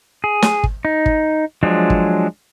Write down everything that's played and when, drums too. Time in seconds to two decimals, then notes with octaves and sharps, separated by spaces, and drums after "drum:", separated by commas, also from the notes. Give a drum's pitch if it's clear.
0.24 G#4
0.42 drum: snare
0.64 drum: kick
0.85 D#4
1.06 drum: kick
1.63 F3 F#3 G#3 D4
1.90 drum: kick